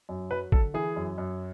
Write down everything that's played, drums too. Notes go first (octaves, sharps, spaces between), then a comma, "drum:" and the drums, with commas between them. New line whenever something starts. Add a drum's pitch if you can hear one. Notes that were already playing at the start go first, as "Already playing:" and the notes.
F#2
F#3 B4
D3 A4, drum: kick
E3 G#4
F#2
F#2